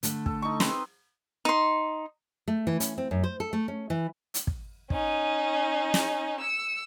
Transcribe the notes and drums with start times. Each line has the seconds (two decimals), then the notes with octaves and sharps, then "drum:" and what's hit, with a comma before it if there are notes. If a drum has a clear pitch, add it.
0.03 D3 A3, drum: hi-hat
0.26 A4, drum: kick
0.42 D#4 C#6
0.60 C4 B4 C6, drum: snare
1.45 D#4 C6
2.48 A3
2.67 E3
2.80 C#4, drum: hi-hat
2.98 C4
3.11 F#2
3.24 C5
3.40 A4
3.53 A3
3.68 C#4
3.90 E3
4.34 drum: hi-hat
4.47 drum: kick
4.90 C#4 D#4, drum: kick
5.94 drum: snare
6.40 E6 C#7